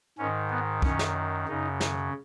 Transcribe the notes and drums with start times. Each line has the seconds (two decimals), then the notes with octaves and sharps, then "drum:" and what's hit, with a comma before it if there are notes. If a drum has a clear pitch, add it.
0.18 G#2 D#3 C#4
0.50 B3
0.82 F#2 D#3 C#4, drum: kick
0.99 drum: snare
1.48 F#2 C#3 D#4
1.80 drum: snare